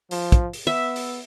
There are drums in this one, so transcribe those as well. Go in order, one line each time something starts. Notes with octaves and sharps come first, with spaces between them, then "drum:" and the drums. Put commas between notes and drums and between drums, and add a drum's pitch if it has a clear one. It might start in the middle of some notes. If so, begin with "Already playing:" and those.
F3, drum: open hi-hat
drum: kick, hi-hat
drum: open hi-hat
B3 E5
drum: open hi-hat